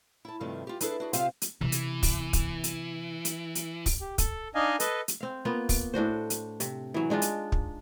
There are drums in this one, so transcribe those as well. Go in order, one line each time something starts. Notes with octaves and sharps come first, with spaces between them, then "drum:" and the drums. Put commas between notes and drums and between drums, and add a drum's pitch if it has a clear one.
E4 A5
G2 C3 D#3 F3 A3
F4 G4
D4 E4 G#4 A4 B4, drum: hi-hat
D4 F#4 G#4
C3 F4 G4 C5 E5 F5, drum: hi-hat
drum: hi-hat
C3 E3 B3
drum: hi-hat
drum: kick, open hi-hat
drum: kick, hi-hat
drum: hi-hat
drum: hi-hat
drum: hi-hat
drum: kick, open hi-hat
G4
A4, drum: kick, hi-hat
D4 D#4 D#5 F5 G#5
A4 B4 D#5, drum: hi-hat
drum: hi-hat
C4 F5
A#3 B3 F4
drum: kick, open hi-hat
A2 D4 F#4 C5
drum: hi-hat
C3, drum: hi-hat
E3 F#3
G#3 D4 D#4 F4
drum: hi-hat
drum: kick